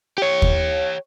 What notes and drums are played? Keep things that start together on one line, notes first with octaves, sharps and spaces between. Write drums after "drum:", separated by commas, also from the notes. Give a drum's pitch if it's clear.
G4 C#5
drum: kick